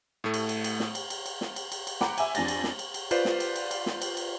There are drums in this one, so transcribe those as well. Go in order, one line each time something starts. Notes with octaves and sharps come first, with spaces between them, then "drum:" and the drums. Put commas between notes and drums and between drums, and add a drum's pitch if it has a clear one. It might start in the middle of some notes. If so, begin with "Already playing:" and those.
A2 A3
drum: cymbal
drum: cymbal
drum: cymbal
drum: snare
drum: cymbal
drum: cymbal
drum: cymbal
drum: snare
drum: cymbal
drum: cymbal
drum: cymbal
F#5 G5 A#5 B5 D6, drum: snare
E5 G#5, drum: cymbal
F2 D4 G#5 A6 A#6, drum: cymbal
drum: cymbal
drum: snare
drum: cymbal
drum: cymbal
F4 B4 C5 D5, drum: cymbal
drum: snare
drum: cymbal
drum: cymbal
drum: cymbal
drum: snare
drum: cymbal
drum: cymbal